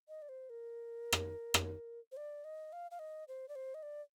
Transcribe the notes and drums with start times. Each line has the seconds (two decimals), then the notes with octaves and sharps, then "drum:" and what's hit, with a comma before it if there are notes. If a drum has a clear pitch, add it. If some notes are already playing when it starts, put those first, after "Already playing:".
0.09 D#5
0.22 D5
0.29 C5
0.50 A#4
1.12 drum: rim click
1.54 drum: rim click
2.12 C5
2.17 D5
2.44 D#5
2.73 F5
2.91 F5
2.99 D#5
3.28 C5
3.49 D5
3.55 C5
3.74 D#5
3.83 D5